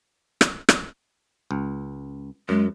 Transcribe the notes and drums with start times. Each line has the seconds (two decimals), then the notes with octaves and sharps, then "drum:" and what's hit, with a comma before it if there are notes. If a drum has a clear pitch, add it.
0.41 drum: rim click
0.69 drum: rim click
1.51 C#2
2.49 F#2 G#3